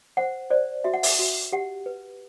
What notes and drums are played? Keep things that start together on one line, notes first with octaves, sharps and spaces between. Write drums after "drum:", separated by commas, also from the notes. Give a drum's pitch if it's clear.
C5 F#5
C5 D5
F#4 E5
F#5
E5, drum: open hi-hat
F#4
G4 F#5
B4